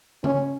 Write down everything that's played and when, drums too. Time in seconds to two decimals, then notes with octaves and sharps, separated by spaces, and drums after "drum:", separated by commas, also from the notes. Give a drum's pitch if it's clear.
0.24 C#4, drum: tom C#3